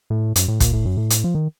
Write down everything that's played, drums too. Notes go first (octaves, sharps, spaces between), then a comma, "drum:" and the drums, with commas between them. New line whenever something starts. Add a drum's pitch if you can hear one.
A2
F#2, drum: hi-hat
A2
A#2, drum: kick, hi-hat
A2
F#2
A2
drum: hi-hat
F3
D#3